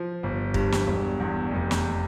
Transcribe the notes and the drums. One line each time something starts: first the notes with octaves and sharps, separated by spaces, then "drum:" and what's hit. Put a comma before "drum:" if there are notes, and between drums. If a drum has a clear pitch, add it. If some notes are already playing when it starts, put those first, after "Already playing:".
Already playing: F3
G1
G2, drum: kick
drum: snare
E1
E2
F1
drum: snare